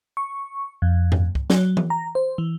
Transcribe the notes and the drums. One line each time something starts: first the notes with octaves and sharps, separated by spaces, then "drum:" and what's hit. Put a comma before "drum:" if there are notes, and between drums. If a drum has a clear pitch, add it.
C#6
F2
drum: tom G2
drum: kick
F#3, drum: snare
drum: tom E3
A#5
C5
E3